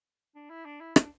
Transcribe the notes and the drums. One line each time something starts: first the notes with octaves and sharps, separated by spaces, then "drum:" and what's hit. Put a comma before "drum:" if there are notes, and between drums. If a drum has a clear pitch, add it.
D4
E4
D4
E4
D4, drum: rim click